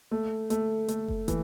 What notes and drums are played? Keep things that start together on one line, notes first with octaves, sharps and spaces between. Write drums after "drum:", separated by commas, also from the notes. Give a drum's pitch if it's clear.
A3
A3, drum: hi-hat
A3, drum: hi-hat
drum: kick
E3, drum: kick, hi-hat